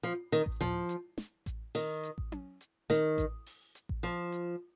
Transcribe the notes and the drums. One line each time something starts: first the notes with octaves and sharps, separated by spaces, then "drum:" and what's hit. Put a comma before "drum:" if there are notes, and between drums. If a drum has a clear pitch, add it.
F3
D#3, drum: hi-hat
drum: kick A1
F3, drum: tom A2
drum: hi-hat
drum: snare
drum: kick A1, hi-hat
D#3, drum: open hi-hat
drum: hi-hat
drum: kick A1
drum: tom C#4
drum: hi-hat
D#3, drum: snare
drum: kick A1, hi-hat
drum: open hi-hat
drum: hi-hat
drum: kick A1
F3
drum: hi-hat